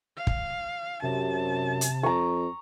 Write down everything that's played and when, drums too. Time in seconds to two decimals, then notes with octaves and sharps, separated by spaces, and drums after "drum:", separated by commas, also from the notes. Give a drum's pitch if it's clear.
0.17 F5
0.27 drum: kick
1.03 F#2 C3 A5
1.81 drum: hi-hat
2.03 F2 A#5 C#6